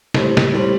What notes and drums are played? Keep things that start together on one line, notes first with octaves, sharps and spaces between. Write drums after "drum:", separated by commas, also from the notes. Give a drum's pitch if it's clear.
A2 G3 C4, drum: snare
drum: snare
A2 G3 C4